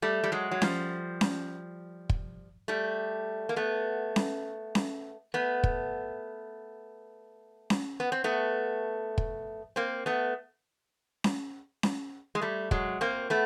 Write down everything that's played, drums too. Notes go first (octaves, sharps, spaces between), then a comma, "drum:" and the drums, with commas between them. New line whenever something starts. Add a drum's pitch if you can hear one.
G3 A3
G3
F#3 G#3
F#3
F3 G3, drum: snare C#4
drum: snare C#4
drum: kick
G3 A3
A#3
A3 B3
drum: snare C#4
drum: snare C#4
A3 B3
drum: kick
drum: snare C#4
B3
C4
A3 B3
drum: kick
A#3 C4
A3 B3
drum: snare C#4
drum: snare C#4
G#3
G3 A3
F#3 G#3, drum: kick
A#3 C4
A3 B3